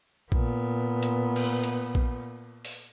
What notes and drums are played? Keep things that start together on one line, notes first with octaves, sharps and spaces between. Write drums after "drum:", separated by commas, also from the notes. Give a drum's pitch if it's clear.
A#2 B3, drum: kick A#1
drum: hi-hat
drum: cymbal
drum: hi-hat
drum: kick A#1
drum: open hi-hat